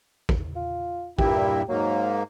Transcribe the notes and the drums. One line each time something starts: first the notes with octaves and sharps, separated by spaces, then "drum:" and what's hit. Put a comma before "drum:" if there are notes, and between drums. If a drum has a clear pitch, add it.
drum: kick
F4
G2 A#2 E4 G4, drum: kick
G#2 F#3 A#3